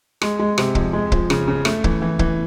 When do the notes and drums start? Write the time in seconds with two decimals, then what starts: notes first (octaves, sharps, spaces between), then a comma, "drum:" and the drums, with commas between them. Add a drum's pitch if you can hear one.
0.22 G#3, drum: rim click
0.39 G#3
0.58 C3, drum: rim click
0.75 F2, drum: kick
0.93 G#3
1.12 F3, drum: kick
1.30 C#3, drum: rim click
1.48 C#3
1.65 A3, drum: rim click
1.84 E3, drum: kick
2.02 E3
2.19 E3, drum: kick